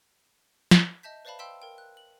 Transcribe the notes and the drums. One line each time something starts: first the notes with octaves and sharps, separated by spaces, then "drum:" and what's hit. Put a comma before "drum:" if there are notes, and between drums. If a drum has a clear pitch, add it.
drum: snare
D#5 E5 A5 G6 B6
B4 C5 D5 F5 A5 B5
F5 G5 C6 E6 B6 E7
A#4 G5
F#6
F#7